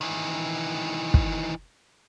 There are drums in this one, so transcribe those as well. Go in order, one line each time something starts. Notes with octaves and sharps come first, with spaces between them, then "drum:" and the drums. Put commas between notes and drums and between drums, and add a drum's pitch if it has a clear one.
D#3 E3
drum: kick